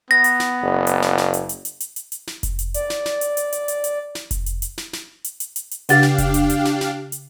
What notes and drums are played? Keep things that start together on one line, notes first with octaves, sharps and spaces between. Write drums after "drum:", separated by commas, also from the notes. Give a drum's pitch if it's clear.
B3 A#6
drum: hi-hat
drum: snare
F#1
drum: hi-hat
drum: snare
drum: snare
drum: hi-hat
drum: hi-hat
drum: hi-hat
drum: hi-hat
drum: hi-hat
drum: hi-hat
drum: snare
drum: kick F1, hi-hat
drum: hi-hat
D5, drum: hi-hat
drum: snare
drum: snare
drum: hi-hat
drum: hi-hat
drum: hi-hat
drum: hi-hat
drum: hi-hat
drum: snare
drum: kick F1, hi-hat
drum: hi-hat
drum: hi-hat
drum: snare
drum: snare
drum: hi-hat
drum: hi-hat
drum: hi-hat
drum: hi-hat
C#3 D4 G4 F5 F#5 A6, drum: hi-hat
drum: snare
drum: kick F1, hi-hat
drum: hi-hat
drum: hi-hat
drum: snare
drum: snare
drum: hi-hat